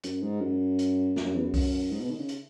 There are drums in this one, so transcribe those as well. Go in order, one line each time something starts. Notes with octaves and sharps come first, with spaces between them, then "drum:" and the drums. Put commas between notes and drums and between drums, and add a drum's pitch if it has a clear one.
F#2, drum: hi-hat
G#2
F#2
drum: hi-hat
drum: snare
F#2
E2
F#2
drum: kick C2, open hi-hat
G#2
B2
D#3
C#3
drum: hi-hat